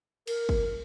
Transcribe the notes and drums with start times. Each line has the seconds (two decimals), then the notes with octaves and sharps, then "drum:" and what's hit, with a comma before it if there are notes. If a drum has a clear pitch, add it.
0.27 A#4, drum: cymbal
0.49 drum: kick